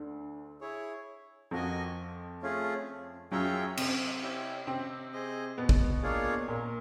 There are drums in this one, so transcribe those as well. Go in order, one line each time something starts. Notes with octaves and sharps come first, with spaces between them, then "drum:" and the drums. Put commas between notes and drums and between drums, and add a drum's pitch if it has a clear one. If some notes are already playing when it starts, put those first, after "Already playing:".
Already playing: D2 D3
E4 G#4 C#5
F2 F3 F#4 A#4 D#5 G#5
A3 C#4 F4 G#4
F#2 F#3 F4 G#4 C#5 E5 G5
C3 C4, drum: cymbal
C#4 E4 G4
C3 C4
G#4 C5 D#5
B2 B3
drum: kick A1
A#3 D4 F4 G#4 C#5
A#2 A#3